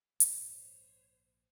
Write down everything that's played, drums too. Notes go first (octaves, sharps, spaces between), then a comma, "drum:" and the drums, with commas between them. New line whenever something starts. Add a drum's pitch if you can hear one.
A#1 G#2 F#3 C5 C#5, drum: hi-hat